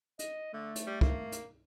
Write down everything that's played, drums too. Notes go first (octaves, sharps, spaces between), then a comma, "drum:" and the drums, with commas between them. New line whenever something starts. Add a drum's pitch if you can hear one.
D#5, drum: hi-hat
D3 A3
drum: hi-hat
G3
A#3, drum: kick
drum: hi-hat